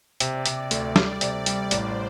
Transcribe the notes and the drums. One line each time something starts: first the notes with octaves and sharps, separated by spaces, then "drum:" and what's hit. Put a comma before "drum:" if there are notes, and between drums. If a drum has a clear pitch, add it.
C3 D5, drum: hi-hat
C3, drum: hi-hat
D5
D2, drum: hi-hat
G3 D5, drum: snare
C3, drum: hi-hat
G3, drum: hi-hat
A1 C5, drum: hi-hat